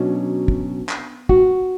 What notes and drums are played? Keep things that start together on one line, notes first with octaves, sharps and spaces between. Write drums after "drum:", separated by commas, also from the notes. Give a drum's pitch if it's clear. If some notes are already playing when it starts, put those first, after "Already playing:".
Already playing: B2 F#3 C#4 D4
drum: kick
drum: clap
F#4, drum: kick